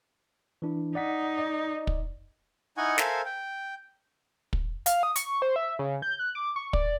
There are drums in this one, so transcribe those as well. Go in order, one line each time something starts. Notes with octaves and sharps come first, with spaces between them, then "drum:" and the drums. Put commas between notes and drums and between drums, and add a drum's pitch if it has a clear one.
E3 D4 E4
D#4 D5 F#5 B6
D5 D#5
drum: kick
D#4 E4 D#5 F#5 G#5 C#6
A4 A#4 C5 E5 F5 G#5, drum: snare
G5
drum: kick
F5, drum: hi-hat
D#6
C#6, drum: hi-hat
C5
E5
C#3
G6
F#6
D6
C#6
D5, drum: kick